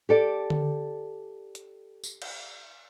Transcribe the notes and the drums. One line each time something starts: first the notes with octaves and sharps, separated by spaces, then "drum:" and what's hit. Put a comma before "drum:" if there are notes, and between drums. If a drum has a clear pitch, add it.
G4 A4 D5
drum: tom D3
drum: hi-hat
drum: tambourine
drum: cymbal